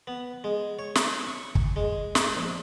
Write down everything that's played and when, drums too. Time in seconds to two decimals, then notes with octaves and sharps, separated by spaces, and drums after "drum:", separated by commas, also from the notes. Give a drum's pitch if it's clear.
0.07 B3
0.44 G#3
0.79 C#5
0.95 drum: snare
1.27 C#6
1.55 drum: kick
1.76 G#3
2.15 drum: snare
2.35 A#1